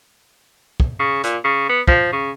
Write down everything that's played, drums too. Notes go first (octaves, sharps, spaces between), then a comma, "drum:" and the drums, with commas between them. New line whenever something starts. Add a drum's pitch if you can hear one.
drum: kick
C#3
A#2, drum: hi-hat
C#3
B3
F3, drum: kick
C#3